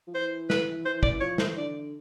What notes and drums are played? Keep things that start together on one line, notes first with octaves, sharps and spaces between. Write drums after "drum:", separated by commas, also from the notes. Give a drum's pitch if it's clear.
F3
E3 C5
B4, drum: snare
E3 C5
E3 D5, drum: kick
F3 C#5
E3 C5, drum: snare
D3 D5